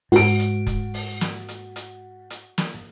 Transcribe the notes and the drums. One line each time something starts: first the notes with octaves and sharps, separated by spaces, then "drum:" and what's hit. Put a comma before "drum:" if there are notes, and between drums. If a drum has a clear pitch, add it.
G#2 F#4 D7, drum: open hi-hat
drum: hi-hat
drum: kick F1, hi-hat
drum: open hi-hat
drum: snare
drum: hi-hat
drum: hi-hat
drum: hi-hat
drum: snare